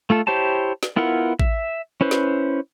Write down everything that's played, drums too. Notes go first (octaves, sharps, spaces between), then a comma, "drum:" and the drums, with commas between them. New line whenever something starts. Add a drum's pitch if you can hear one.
A3 F4 A4
E4 G4 C5 C#5 A5
drum: snare
B3 E4 F4 A#4 F#5
E5, drum: kick A1
C#4 E4 B4 C5
drum: snare